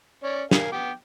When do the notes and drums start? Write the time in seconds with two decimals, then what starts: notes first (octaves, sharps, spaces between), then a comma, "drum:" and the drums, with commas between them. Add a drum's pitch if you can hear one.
0.24 C#4 C#5 D5
0.51 A#4 F5 G#5, drum: snare
0.72 B3 G5 D6